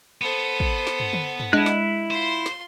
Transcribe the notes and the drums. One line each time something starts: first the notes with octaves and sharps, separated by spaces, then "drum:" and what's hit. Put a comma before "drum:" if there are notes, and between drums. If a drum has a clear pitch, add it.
B3 A4 C5
drum: kick
drum: snare
drum: tom
drum: tom
drum: tom
G#3 D4 E4 F#6
drum: snare
F4 C5 C6
drum: snare